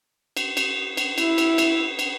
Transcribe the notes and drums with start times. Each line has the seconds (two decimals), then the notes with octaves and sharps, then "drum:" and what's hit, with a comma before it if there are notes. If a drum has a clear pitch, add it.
0.37 drum: cymbal
0.57 drum: cymbal
0.97 drum: cymbal
1.18 E4, drum: cymbal
1.38 drum: cymbal
1.58 drum: cymbal
1.99 drum: cymbal